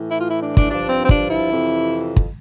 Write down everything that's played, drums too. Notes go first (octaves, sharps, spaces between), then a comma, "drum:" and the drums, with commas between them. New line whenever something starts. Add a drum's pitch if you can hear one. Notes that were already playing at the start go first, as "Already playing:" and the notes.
Already playing: A2 E3
E4
F4
E4
D4
D4, drum: kick
G2 F3 D4
C4
C4
D4, drum: kick
E4
F2 C3 E3
drum: kick